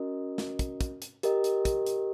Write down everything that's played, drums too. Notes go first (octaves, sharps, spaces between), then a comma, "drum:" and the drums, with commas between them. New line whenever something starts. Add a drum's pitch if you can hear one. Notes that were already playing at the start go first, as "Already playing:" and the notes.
Already playing: C#4 F#4 A#4 D#5
drum: snare
drum: kick, hi-hat
drum: kick, hi-hat
drum: hi-hat
G4 A#4 D#5, drum: hi-hat
drum: hi-hat
drum: kick, hi-hat
drum: hi-hat